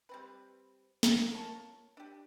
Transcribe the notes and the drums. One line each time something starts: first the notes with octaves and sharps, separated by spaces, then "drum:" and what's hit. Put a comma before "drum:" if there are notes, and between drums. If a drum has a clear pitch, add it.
G3 C4 B4
drum: snare
F4 A#4 C#5 A5
D4 G4